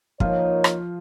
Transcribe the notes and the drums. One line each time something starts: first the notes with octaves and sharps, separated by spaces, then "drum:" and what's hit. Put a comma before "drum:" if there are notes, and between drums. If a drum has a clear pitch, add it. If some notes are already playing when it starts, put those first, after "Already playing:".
F3 A#3 D#4 F4 A#4 C#5, drum: kick
drum: rim click